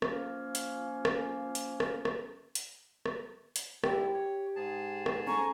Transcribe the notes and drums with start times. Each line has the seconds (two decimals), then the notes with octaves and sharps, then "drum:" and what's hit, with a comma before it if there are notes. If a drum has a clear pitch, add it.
0.02 F3 A#3 C#4, drum: rim click
0.55 drum: hi-hat
1.05 drum: rim click
1.55 drum: hi-hat
1.80 drum: rim click
2.05 drum: rim click
2.55 drum: hi-hat
3.06 drum: rim click
3.56 drum: hi-hat
3.84 G#2 G3 E4 G4, drum: rim click
4.14 C#5
4.56 G#2 G#4 A5
5.06 drum: rim click
5.27 C#4 A4 G#5 A#5 C#6